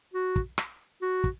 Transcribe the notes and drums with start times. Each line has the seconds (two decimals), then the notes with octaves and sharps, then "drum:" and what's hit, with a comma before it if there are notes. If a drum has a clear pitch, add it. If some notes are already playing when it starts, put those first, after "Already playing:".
0.14 F#4
0.36 drum: kick
0.58 drum: rim click
1.01 F#4
1.24 drum: kick